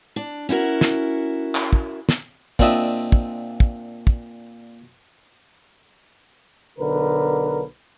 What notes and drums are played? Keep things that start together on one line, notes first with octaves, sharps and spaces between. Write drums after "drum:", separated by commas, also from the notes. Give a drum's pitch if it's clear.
D4
C#4 E4 F#4 A#4
drum: snare
drum: clap
drum: kick
drum: snare
A#2 C4 D4 D#5 E5, drum: kick
drum: kick
drum: kick
drum: kick
B1 D3 A#4 B4